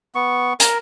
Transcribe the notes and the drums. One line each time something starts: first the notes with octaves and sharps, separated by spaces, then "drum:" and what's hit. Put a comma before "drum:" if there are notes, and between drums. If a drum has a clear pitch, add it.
B3 C#6
A#4, drum: hi-hat